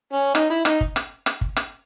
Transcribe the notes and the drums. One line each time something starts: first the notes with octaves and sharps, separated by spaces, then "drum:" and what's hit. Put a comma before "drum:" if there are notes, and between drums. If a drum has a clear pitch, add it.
C#4
D#4, drum: rim click
E4
D#4, drum: rim click
drum: kick
drum: rim click
drum: rim click
drum: kick
drum: rim click